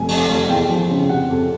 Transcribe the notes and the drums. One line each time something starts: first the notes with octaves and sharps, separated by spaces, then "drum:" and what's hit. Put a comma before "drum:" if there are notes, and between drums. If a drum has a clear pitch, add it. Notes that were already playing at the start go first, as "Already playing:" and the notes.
Already playing: F1 C3 G#5
F2, drum: open hi-hat
F1
E2 G5
F3
C#3
C3 F#5
F2